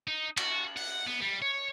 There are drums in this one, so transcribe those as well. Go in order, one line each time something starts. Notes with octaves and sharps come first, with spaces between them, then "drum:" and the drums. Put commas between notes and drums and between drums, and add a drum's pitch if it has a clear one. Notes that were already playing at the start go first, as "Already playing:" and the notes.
D#4
F#4, drum: cymbal
F#5, drum: open hi-hat
B3
G3
C#5